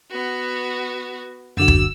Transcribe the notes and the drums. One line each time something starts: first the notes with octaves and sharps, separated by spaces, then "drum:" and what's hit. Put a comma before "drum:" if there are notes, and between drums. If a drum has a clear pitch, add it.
B3 F#4
F#2 D3 F#4 E6
drum: kick